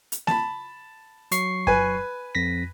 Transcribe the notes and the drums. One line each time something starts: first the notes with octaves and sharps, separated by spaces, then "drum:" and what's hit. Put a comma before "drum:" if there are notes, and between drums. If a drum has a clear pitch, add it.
drum: hi-hat
A5 B5, drum: snare A#3
F#3 C#6 C7, drum: hi-hat
B4 G#5, drum: kick F#2
F2 A#6 B6